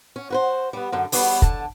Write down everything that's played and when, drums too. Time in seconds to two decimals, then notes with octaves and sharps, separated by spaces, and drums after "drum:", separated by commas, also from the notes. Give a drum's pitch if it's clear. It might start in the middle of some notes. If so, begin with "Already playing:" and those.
0.16 C#4
0.30 F#4 B4 C5
0.73 G3 B3
0.92 F#2 D3
1.12 E2 G3 B3 C#5, drum: open hi-hat
1.42 D3 A5, drum: kick